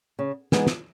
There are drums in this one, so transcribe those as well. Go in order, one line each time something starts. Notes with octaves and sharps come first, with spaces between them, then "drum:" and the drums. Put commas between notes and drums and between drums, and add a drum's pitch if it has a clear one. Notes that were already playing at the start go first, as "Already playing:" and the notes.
C#3
E3 G#3 B3 D#4, drum: snare
drum: snare